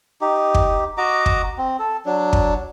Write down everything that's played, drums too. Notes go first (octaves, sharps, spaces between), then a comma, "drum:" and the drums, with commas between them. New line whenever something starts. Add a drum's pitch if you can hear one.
D#4 G4
drum: kick
F#4 D#5 A#5 D6
drum: kick
C4
A4
F#3 D4
drum: kick